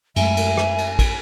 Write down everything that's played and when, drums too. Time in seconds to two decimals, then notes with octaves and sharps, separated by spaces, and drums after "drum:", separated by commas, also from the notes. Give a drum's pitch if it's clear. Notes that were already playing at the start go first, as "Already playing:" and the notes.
0.16 F#2 G#3 A3 E5 G#5, drum: cymbal
0.37 drum: cymbal
0.57 drum: rim click
0.78 drum: cymbal
0.99 drum: kick A1, cymbal